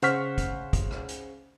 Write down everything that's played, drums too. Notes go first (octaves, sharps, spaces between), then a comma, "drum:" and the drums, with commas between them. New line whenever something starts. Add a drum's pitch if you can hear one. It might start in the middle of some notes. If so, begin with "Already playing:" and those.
C#3 C5 F#5 C#6 F6 B6, drum: hi-hat
drum: kick, hi-hat
drum: kick, hi-hat
drum: rim click
drum: hi-hat